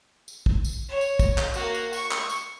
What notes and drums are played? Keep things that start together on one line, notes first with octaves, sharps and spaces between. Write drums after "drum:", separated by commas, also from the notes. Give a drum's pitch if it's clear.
drum: tambourine
drum: kick
drum: tambourine
C#5
drum: tambourine
drum: kick, tambourine
drum: clap
A#3 F#4, drum: tambourine
drum: tambourine
C#6, drum: tambourine
drum: clap
drum: tambourine